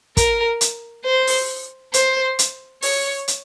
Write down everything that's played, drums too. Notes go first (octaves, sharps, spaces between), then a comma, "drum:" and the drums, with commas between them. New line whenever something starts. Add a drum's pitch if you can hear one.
A#4, drum: kick, hi-hat
drum: hi-hat
C5
drum: open hi-hat
C5, drum: hi-hat
drum: hi-hat
C#5, drum: open hi-hat
drum: hi-hat